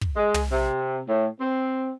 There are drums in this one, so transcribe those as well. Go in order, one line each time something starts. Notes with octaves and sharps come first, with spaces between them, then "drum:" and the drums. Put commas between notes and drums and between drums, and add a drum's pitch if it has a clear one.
drum: kick
G#3
drum: tom
C3
A2
C4